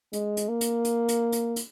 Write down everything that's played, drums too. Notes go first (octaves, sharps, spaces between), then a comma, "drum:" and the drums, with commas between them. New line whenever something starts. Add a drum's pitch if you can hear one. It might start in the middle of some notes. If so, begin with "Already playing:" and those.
G#3, drum: hi-hat
drum: hi-hat
A#3
drum: hi-hat
drum: hi-hat
drum: hi-hat
drum: hi-hat
drum: hi-hat